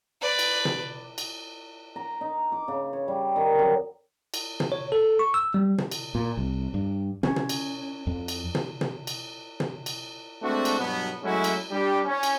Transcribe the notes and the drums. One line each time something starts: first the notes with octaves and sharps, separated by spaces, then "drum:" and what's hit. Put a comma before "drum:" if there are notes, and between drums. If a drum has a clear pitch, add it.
B4 D5
drum: cymbal
drum: tom
drum: cymbal
A#5
D#4
D6
C#3
C#5
G3
D#3
F#2
drum: cymbal
drum: tom
C#5
A4
C#6
E6
G3
drum: tom
drum: cymbal
A#2
C2
G2
C#4, drum: tom
drum: tom
drum: cymbal
F2
drum: cymbal
drum: tom
drum: tom
drum: cymbal
drum: tom
drum: cymbal
G#3 A3 C4 D4 F#4
drum: cymbal
G2 B2 F#3 B3
F#3 G#3 A3 C#4 E4 F#4
drum: cymbal
G3 D4 G4
C#4
drum: cymbal